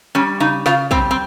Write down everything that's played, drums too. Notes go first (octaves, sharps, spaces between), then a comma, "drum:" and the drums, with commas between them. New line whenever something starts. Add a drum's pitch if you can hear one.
G3 C#4
C#3 D#4
C#3 F4, drum: snare
G3 C4, drum: kick
C4